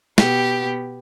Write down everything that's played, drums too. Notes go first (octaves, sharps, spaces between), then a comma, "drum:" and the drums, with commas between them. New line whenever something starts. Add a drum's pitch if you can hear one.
B2 B3 G4, drum: snare